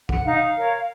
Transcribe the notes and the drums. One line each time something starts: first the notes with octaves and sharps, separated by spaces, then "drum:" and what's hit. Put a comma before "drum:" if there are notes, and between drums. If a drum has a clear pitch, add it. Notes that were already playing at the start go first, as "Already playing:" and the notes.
F#5, drum: kick
D#4 F5
A#4 C#5